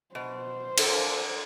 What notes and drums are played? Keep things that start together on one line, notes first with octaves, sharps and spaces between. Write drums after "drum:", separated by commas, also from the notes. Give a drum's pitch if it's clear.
B2 C5
D4 A4 A#4, drum: cymbal